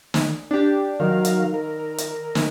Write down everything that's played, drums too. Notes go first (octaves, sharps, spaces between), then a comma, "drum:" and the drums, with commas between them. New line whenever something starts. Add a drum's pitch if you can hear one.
drum: snare
D4 G4
D#3 F#3 A#4 F5
drum: hi-hat
A#4
drum: hi-hat
drum: snare